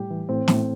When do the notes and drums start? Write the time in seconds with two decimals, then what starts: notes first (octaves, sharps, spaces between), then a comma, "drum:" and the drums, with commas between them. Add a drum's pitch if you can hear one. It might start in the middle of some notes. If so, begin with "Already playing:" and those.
Already playing: A2 G3 G4
0.10 E3
0.29 A2 C4
0.48 A2, drum: snare